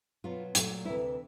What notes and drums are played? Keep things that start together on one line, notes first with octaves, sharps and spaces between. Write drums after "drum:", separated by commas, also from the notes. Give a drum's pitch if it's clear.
B2 F#3 B3 F4
A#2 F#3 A3, drum: hi-hat
D2 C3 E3 E4